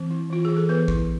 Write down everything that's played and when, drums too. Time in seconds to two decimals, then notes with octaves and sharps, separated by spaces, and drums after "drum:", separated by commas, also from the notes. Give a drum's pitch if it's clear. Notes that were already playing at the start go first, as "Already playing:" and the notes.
Already playing: E3 C4
0.10 E4
0.30 E3 F4
0.45 E3 G#4
0.57 A4
0.69 E3 B3 B4
0.88 E4, drum: kick